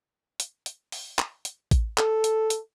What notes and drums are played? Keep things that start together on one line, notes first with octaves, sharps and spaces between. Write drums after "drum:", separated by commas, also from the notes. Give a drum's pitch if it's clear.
drum: hi-hat
drum: hi-hat
drum: open hi-hat
drum: clap
drum: hi-hat
drum: kick A1, hi-hat
A4, drum: clap
drum: hi-hat
drum: hi-hat